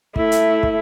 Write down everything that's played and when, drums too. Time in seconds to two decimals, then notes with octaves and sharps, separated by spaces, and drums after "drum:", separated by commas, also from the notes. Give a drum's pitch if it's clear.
0.16 A3 E4, drum: kick
0.32 drum: hi-hat
0.63 drum: kick